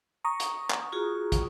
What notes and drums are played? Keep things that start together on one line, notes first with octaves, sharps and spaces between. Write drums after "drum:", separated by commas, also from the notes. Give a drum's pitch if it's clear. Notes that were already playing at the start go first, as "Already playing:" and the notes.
A#5 C#6 D#6
drum: hi-hat
drum: clap
F4 F#4 G#4
drum: kick, hi-hat